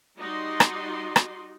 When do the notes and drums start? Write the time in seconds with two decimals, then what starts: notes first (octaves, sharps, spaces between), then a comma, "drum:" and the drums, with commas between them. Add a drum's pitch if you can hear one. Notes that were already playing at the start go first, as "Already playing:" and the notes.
0.18 G3 D#4 F#4 D5 D#5 C6
0.60 drum: rim click
1.16 drum: rim click